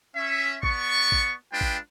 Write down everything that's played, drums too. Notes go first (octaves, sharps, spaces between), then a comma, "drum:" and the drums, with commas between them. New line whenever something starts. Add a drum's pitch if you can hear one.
C#4 E5
B3 D5 C#6, drum: kick
drum: kick
G#3 D4 F4 B4 G5
drum: kick